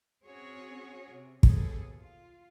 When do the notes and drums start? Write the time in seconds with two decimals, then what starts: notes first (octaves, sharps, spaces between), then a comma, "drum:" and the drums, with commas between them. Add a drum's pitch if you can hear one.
0.25 C4 C#4 F#4 G#4 C#5
1.13 C3
1.43 D#2 B2 G#4 A4, drum: kick
1.98 F4